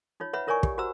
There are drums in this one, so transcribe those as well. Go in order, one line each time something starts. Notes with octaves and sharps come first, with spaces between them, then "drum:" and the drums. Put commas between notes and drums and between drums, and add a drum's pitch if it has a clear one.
D#4 F4 C#5
B4 C#5 E5 F#5 B5
E4 A#4 C#5 D5 G#5 C#6
G4, drum: kick
F#4 C5 F#5 A#5 E6